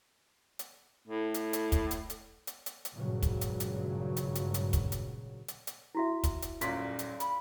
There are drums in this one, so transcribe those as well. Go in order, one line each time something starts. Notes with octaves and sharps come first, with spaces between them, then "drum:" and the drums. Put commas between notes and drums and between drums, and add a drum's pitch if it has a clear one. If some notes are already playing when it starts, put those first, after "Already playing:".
drum: hi-hat
A2
drum: hi-hat
drum: hi-hat
drum: kick, hi-hat
drum: hi-hat
drum: hi-hat
drum: hi-hat
drum: hi-hat
drum: hi-hat
G#1 G2 A#2 C#3 F#3
drum: kick, hi-hat
drum: hi-hat
drum: hi-hat
drum: hi-hat
drum: hi-hat
drum: hi-hat
drum: kick, hi-hat
drum: hi-hat
drum: hi-hat
drum: hi-hat
E4 F#4 E5
drum: kick, hi-hat
drum: hi-hat
D#1 F#2 F4 D5 B6, drum: hi-hat
drum: hi-hat
B5, drum: hi-hat